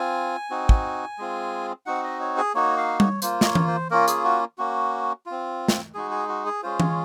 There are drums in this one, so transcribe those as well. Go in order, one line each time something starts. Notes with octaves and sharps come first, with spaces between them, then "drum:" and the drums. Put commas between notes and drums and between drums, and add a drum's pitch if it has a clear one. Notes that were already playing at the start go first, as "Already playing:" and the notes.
Already playing: C4 F4 G#5
C4 D#4 F#4
drum: kick
G#3 C4 F4
C4 D#4 F#4 F#5
D#5
C#5
G#4
A#3 D#4 F#4 C#5
F5
C#5, drum: tom G3
A#3 F4 C5, drum: hi-hat
D#5, drum: snare
C#5
drum: tom E3
C5
A#3 C#4 F4 A#4
G#4, drum: hi-hat
F#4
A#3 C#4 F#4
C4 F4
drum: snare
G#3 D#4 F#4 G#4
G#4
F#4
G#4
G#3 C#4 F4 C5
C#5, drum: tom E3